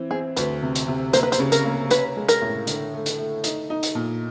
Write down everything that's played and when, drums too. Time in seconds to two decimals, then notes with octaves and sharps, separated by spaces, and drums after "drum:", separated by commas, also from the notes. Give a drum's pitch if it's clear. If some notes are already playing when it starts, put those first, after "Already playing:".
Already playing: E3 C4
0.11 C4 G#4
0.37 D2 B4, drum: hi-hat
0.62 C3
0.75 drum: hi-hat
0.88 C3
1.13 A#3 C5, drum: hi-hat
1.23 B4
1.32 C5, drum: hi-hat
1.39 C#3
1.52 A#4, drum: hi-hat
1.65 A#3
1.90 C#4 B4, drum: hi-hat
2.16 G#3
2.28 A#4, drum: hi-hat
2.41 A2
2.67 D3, drum: hi-hat
2.94 A3
3.06 drum: hi-hat
3.18 A3
3.44 D#4, drum: hi-hat
3.70 D#4
3.83 drum: hi-hat
3.95 A#2